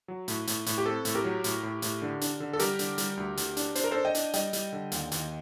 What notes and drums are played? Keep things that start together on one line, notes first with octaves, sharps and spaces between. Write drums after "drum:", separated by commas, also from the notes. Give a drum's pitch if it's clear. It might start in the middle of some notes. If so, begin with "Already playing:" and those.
F#3
A2, drum: hi-hat
A2, drum: hi-hat
A2, drum: hi-hat
G4
C4 A4
A2, drum: hi-hat
G4 A#4
F#3
A2, drum: hi-hat
A2
A2, drum: hi-hat
D3
D4, drum: hi-hat
D3
A4
G3 G4 A#4, drum: hi-hat
D3, drum: hi-hat
G3, drum: hi-hat
D2
D2, drum: hi-hat
D4, drum: hi-hat
D4 C5, drum: hi-hat
A#4
D4 A4 C5
D#5 G5
D4, drum: hi-hat
G3 D#5 G5, drum: hi-hat
G3, drum: hi-hat
D3
D#2, drum: hi-hat
D#2, drum: hi-hat